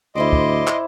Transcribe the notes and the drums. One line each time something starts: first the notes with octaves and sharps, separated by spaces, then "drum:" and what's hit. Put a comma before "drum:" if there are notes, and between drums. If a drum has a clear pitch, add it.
D2 E4 C5 D5 D#5 C6 D6
drum: kick
drum: clap